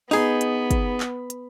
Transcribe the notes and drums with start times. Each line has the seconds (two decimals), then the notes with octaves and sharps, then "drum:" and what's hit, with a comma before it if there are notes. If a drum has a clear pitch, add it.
0.11 B3 D#4 G#4, drum: open hi-hat
0.41 drum: hi-hat
0.71 drum: kick, hi-hat
1.00 drum: clap
1.30 drum: hi-hat